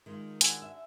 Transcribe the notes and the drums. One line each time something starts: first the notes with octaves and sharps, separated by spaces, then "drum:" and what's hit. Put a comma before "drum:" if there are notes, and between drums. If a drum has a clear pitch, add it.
D#3 G#3 F4
D3 F#4 G#5, drum: hi-hat
E5